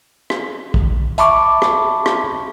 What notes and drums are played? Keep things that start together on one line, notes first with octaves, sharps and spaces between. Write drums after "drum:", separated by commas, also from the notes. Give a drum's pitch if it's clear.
drum: rim click
drum: kick
E5 A5 B5 C#6 D6, drum: hi-hat
drum: rim click
drum: rim click